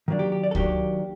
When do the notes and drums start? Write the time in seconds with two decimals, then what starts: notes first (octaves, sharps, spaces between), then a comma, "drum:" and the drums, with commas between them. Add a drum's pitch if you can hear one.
0.08 D#3 F#3 A#3 D4
0.19 G4
0.32 G4
0.43 D5
0.51 A4
0.55 D#3 F#3 A#3 D4 G4, drum: kick C#2